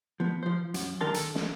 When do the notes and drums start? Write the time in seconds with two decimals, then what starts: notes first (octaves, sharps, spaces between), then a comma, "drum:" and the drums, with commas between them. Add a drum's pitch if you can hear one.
0.20 F3 B3
0.43 F3 C5
0.74 F#2, drum: hi-hat
1.01 D#3 F#3 D4 A#4 A5 C6
1.14 A4, drum: hi-hat
1.35 drum: snare